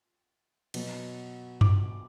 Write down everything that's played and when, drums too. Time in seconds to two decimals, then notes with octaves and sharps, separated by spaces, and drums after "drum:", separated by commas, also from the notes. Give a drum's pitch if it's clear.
0.74 B2 F#3 B3, drum: cymbal
1.61 D6, drum: tom F#2